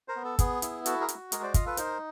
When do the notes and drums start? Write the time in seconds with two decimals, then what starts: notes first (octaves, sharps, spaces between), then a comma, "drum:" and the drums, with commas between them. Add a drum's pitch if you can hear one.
0.08 A#4 C5
0.16 B3
0.24 A4
0.39 B3 G#4, drum: kick, hi-hat
0.62 E4, drum: hi-hat
0.86 F#4 A4, drum: hi-hat
1.01 G#4 A#4
1.08 F#4, drum: hi-hat
1.32 G#3 G#4 A#4, drum: hi-hat
1.43 C5 D5
1.54 F4 D#5 F5, drum: kick, hi-hat
1.66 A4 B4
1.77 D#4 A#4 C5, drum: hi-hat